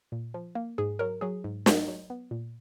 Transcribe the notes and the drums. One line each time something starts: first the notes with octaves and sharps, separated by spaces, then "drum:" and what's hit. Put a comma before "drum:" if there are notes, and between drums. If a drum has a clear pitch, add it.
A#2
F3
A#3
G#2 G#4
F#3 A#4
F#3 G#4
G#2
F#3, drum: snare
F#3
B3
A#2